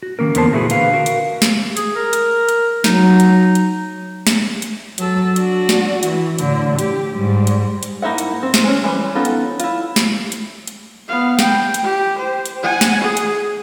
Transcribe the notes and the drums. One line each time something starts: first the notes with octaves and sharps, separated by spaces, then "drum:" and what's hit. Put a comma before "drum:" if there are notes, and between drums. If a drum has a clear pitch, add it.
F#4
D#3 A#3 C#4 A#4
E2 D3 B3 A#4 C5 A5, drum: hi-hat
A#2 G#3 A3 E4 F#4 G#4
D3 B4 F5, drum: hi-hat
F#4 A#4 F5
drum: hi-hat
drum: snare
G#4, drum: hi-hat
A#4
drum: hi-hat
drum: hi-hat
F#3 D#4, drum: snare
drum: hi-hat
drum: hi-hat
drum: snare
drum: hi-hat
F#3 A4, drum: hi-hat
D4 F#4, drum: hi-hat
drum: snare
E3, drum: hi-hat
A2 D3, drum: hi-hat
G4, drum: hi-hat
G#2 G3
drum: hi-hat
drum: hi-hat
A#3 D#4 E4 E5 F#5
drum: hi-hat
C4
drum: snare
G#3 C4 C#4
E3 G3
B3 C#4 D#4 F4 A4
drum: hi-hat
E4 F4, drum: hi-hat
drum: snare
drum: hi-hat
drum: hi-hat
B3 F5
G5, drum: snare
drum: hi-hat
G4
C5
drum: hi-hat
F#5 G#5
drum: snare
G#4
drum: hi-hat